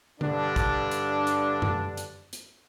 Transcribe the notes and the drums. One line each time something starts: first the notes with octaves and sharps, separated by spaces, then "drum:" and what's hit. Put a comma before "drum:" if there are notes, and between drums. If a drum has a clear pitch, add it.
G2 D3 D4, drum: tom D3
drum: kick, hi-hat
drum: hi-hat
drum: hi-hat
drum: tom F#2
drum: hi-hat
drum: hi-hat